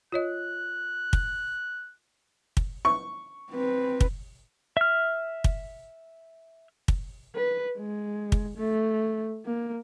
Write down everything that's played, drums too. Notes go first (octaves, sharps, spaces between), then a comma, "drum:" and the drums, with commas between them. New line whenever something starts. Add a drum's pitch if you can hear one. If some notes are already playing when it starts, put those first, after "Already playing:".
F4 C#5 D#5 F#6
drum: kick
drum: kick
C#6
C4 B4
drum: kick
E5 F6
drum: kick
drum: kick
B4
G#3
drum: kick
A3
A#3